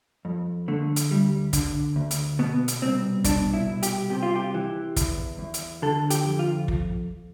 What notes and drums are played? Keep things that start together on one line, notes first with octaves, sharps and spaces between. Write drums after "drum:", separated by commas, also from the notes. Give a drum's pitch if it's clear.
F2
D3 A3
drum: hi-hat
D2 G3
D3, drum: kick, hi-hat
D2
drum: hi-hat
B2 B3
drum: hi-hat
C2 C4
B2 D4, drum: kick, hi-hat
E4
C2
G4, drum: hi-hat
C3 G4
F4
G4
E3
E2, drum: kick, hi-hat
E2
drum: hi-hat
D3 A4
G4, drum: hi-hat
F2
F4
drum: kick